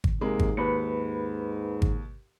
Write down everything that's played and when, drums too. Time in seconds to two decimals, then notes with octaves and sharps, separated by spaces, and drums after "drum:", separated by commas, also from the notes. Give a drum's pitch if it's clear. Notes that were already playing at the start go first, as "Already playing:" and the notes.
0.04 drum: kick G#1
0.21 G#2 C3 G#3 A#3
0.39 drum: kick G#1
0.57 D#2 B4 B5 C#7
1.82 drum: kick G#1